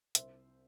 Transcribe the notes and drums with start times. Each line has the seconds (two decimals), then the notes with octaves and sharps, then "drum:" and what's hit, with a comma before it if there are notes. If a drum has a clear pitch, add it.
0.15 C2 C5 E5, drum: hi-hat